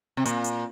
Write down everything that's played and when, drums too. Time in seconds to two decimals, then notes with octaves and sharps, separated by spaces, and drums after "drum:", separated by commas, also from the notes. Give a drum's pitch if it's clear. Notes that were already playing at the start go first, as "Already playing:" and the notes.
0.17 C3
0.25 A#2, drum: hi-hat
0.44 drum: hi-hat